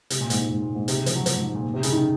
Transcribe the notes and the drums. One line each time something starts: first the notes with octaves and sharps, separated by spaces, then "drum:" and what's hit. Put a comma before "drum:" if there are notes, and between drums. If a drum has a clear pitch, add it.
C3, drum: hi-hat
A#2
G#2, drum: hi-hat
A#2
G#2
A#2
G#2
C3, drum: hi-hat
C#3
F3, drum: hi-hat
F#3
F3, drum: hi-hat
G#2
A#2
C3
C#3, drum: hi-hat
D#3